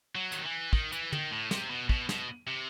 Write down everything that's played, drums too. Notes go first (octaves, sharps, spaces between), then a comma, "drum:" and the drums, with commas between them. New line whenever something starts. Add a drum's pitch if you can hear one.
F#3
D#3, drum: hi-hat
E3
D#3, drum: kick
E3, drum: hi-hat
D#3, drum: tom
A2
C3, drum: snare
B2
B2, drum: kick
B2, drum: snare
C3